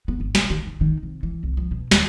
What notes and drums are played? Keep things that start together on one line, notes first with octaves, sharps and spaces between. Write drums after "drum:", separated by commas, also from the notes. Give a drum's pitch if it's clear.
B3
G1
B2, drum: snare
D#3
D#3
D#3
C3
E3
C2
F3
B2
D#2, drum: snare